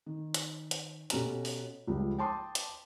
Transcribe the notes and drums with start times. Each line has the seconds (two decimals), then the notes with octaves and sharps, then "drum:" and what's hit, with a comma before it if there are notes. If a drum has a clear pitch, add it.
0.06 D#3
0.34 drum: hi-hat
0.71 drum: hi-hat
1.10 B2 C#4 G4 A4 A#5, drum: hi-hat
1.45 drum: open hi-hat
1.87 C#2 F3 G3
2.18 G5 A5 C6 D6 D#6
2.55 drum: hi-hat